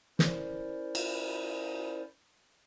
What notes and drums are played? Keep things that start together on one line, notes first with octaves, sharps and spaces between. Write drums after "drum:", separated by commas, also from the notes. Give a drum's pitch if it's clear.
C#4 E4 A#4 C5 D5, drum: snare
drum: cymbal